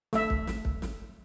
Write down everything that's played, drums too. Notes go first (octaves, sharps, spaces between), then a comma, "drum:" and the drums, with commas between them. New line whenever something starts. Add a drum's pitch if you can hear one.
A3 E5, drum: snare
drum: kick
drum: snare
drum: kick
drum: snare